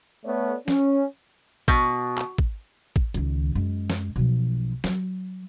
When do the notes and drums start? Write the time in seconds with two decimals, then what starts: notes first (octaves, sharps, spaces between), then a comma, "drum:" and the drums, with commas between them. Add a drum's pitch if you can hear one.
0.25 A3 B3 A4 C#5 D5
0.68 C#4, drum: snare
1.68 B2, drum: kick
2.18 drum: clap
2.38 drum: kick
2.96 drum: kick
3.14 C#2 D#3, drum: hi-hat
3.55 F#2 G#3
3.90 drum: snare
4.16 B1 F3
4.84 F#3, drum: snare